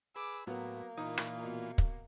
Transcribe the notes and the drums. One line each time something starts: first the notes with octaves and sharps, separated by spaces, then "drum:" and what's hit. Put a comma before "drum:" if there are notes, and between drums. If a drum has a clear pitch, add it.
G#4 B4 D6 E6
A2 F#3 A#3 B3
A#2 E3 D#4 F4
drum: rim click
B2
drum: kick